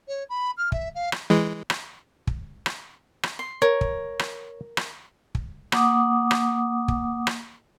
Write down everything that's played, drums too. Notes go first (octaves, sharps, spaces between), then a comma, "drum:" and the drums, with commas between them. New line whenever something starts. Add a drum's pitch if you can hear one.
C#5
B5
F6
E5, drum: kick
F5
drum: rim click
E3 G#3
drum: rim click
drum: kick
drum: rim click
drum: rim click
C6
A#4 C#5
drum: kick
drum: rim click
drum: rim click
drum: kick
A#3 F#5 D6 D#6, drum: rim click
drum: rim click
drum: kick
drum: rim click